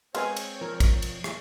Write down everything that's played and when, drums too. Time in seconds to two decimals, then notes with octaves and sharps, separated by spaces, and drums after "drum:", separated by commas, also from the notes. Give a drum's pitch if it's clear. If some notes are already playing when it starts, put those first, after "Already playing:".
0.15 G#3 C4 B4 C#5 F5 G#5, drum: cymbal
0.37 drum: cymbal
0.61 F3 A#4
0.80 drum: kick, cymbal
1.02 drum: cymbal
1.24 drum: rim click